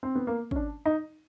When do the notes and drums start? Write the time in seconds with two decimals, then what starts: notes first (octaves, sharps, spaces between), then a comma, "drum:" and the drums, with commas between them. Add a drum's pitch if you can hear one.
0.03 C4
0.15 B3
0.27 A#3
0.51 C#4, drum: kick
0.56 D4
0.85 D#4